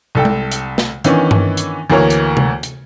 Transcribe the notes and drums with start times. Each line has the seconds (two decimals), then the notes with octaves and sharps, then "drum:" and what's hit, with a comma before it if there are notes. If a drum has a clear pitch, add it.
0.15 C2 A4 G5
0.25 drum: tom G#3
0.52 drum: hi-hat
0.78 drum: snare
1.04 D#3 E3 B3 C#4 D4, drum: hi-hat
1.31 drum: tom G2
1.57 drum: hi-hat
1.90 D2 E3 A#3 A#4 C#5
2.10 drum: hi-hat
2.37 drum: tom C3
2.63 drum: hi-hat